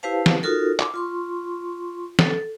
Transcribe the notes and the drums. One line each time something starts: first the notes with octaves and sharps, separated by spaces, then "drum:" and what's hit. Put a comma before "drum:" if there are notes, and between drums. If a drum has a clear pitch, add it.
E4 G4 B4 C5 F5 A5
drum: snare
D#4 F4 F#4 A4 A#4
D6, drum: clap
F4 C6 C#6
A4, drum: snare